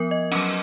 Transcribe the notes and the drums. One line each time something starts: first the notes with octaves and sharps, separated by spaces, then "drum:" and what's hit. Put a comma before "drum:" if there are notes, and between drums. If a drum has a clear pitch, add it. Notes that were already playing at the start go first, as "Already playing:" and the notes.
Already playing: F3 B3 A#4
D#5
F#3 C#4, drum: cymbal